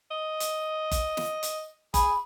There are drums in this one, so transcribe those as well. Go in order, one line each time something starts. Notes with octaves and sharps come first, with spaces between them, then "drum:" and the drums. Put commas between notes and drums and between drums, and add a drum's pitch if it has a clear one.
D#5
drum: hi-hat
drum: kick F#1, hi-hat
drum: snare
drum: hi-hat
G#4 B5, drum: kick F#1, hi-hat